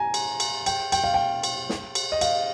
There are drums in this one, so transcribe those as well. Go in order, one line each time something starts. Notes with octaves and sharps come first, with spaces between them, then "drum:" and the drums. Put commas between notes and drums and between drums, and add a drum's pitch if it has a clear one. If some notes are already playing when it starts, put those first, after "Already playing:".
Already playing: G#5 A#5
drum: cymbal
drum: cymbal
G5, drum: cymbal
G5, drum: cymbal
F5
G5
drum: cymbal
drum: snare
drum: cymbal
D#5
F5, drum: cymbal